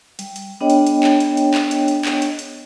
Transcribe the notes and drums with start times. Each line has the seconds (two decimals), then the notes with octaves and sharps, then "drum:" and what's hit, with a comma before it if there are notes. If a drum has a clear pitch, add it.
0.19 G3, drum: hi-hat
0.36 drum: hi-hat
0.61 B3 D4 G#4 C#5 D#5 G5
0.70 drum: hi-hat
0.87 drum: hi-hat
1.03 drum: clap
1.20 drum: hi-hat
1.37 drum: hi-hat
1.54 drum: clap
1.71 drum: hi-hat
1.88 drum: hi-hat
2.05 drum: clap
2.22 drum: hi-hat
2.39 drum: hi-hat